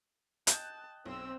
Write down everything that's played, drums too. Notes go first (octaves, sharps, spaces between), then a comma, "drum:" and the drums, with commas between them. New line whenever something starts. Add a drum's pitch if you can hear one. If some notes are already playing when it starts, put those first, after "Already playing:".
D#5 G5 A5 F#6, drum: hi-hat
B1 C4 C5 E6